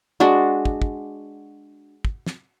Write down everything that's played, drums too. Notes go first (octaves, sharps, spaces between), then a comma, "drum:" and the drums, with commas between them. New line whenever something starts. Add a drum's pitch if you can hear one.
G#3 D4 F#4
drum: kick
drum: kick
drum: kick
drum: snare